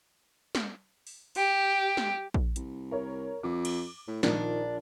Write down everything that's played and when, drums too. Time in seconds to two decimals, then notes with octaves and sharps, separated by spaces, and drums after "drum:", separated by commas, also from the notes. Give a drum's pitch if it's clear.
0.55 drum: snare
1.07 drum: open hi-hat
1.35 G4, drum: open hi-hat
1.97 drum: snare
2.34 drum: kick A#1
2.56 C2, drum: hi-hat
2.91 A#4 C#5
3.43 F2 D6
3.65 drum: cymbal
4.07 A2
4.23 A#1 D#3 D4 F4 A#4, drum: snare